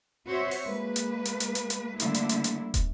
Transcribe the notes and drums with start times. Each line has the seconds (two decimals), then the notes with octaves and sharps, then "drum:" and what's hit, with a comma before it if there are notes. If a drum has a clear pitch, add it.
0.27 C4 F#4 C5 C#5 E5
0.51 drum: open hi-hat
0.64 G#3 A#3 B4
0.96 drum: hi-hat
1.25 drum: hi-hat
1.40 drum: hi-hat
1.55 drum: hi-hat
1.70 drum: hi-hat
2.00 D3 G3 A3 A#3 E4, drum: hi-hat
2.14 drum: hi-hat
2.29 drum: hi-hat
2.44 drum: hi-hat
2.74 drum: kick, hi-hat